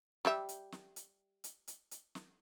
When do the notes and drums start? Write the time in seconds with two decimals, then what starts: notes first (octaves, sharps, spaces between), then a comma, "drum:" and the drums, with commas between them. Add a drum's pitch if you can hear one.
0.25 G3 G4 E5, drum: snare
0.49 drum: hi-hat
0.72 drum: snare
0.96 drum: hi-hat
1.44 drum: hi-hat
1.68 drum: hi-hat
1.91 drum: hi-hat
2.15 drum: snare